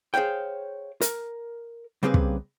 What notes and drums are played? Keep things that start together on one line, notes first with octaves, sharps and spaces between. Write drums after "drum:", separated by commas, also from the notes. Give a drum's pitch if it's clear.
G#4 C5 C#5 F5 G5
A#4, drum: hi-hat
C#3 G3 A#3 C4 G#4 B4
drum: kick